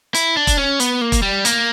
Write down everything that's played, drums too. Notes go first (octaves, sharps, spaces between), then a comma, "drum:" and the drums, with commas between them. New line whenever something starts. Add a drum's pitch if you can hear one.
E4, drum: hi-hat
D4
drum: kick E1, hi-hat
C#4
B3, drum: hi-hat
A#3
drum: kick E1, hi-hat
G3
A#3, drum: hi-hat